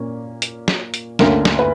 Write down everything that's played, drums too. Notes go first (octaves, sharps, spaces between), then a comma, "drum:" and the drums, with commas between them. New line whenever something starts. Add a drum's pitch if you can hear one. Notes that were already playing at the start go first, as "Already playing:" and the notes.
Already playing: A#2 A#3 C#4
drum: hi-hat
drum: snare
drum: hi-hat
D2 D3 A#3 C#4 A#4, drum: snare
drum: snare
B4